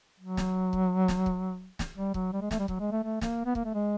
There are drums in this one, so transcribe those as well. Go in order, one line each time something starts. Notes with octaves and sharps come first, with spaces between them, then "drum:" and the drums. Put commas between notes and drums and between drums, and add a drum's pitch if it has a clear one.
F#3
drum: snare
drum: kick C#1
drum: snare
drum: kick C#1
drum: snare
G3
F#3, drum: kick C#1
G3
G#3
A3, drum: snare
G3
F#3, drum: kick C#1
G#3
A3
A3
A#3, drum: snare
B3
A#3, drum: kick C#1
A3
G#3